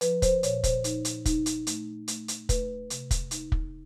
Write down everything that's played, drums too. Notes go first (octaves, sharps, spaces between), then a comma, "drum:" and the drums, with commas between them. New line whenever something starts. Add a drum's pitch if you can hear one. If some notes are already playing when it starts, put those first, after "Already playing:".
F3 B4, drum: hi-hat
C5, drum: kick, hi-hat
A#2 C#5, drum: hi-hat
C5, drum: kick, hi-hat
D#4, drum: hi-hat
drum: hi-hat
D#4, drum: kick, hi-hat
drum: hi-hat
A3, drum: hi-hat
A3, drum: hi-hat
drum: hi-hat
A3 B4, drum: kick, hi-hat
C3, drum: hi-hat
drum: kick, hi-hat
D#4, drum: hi-hat
drum: kick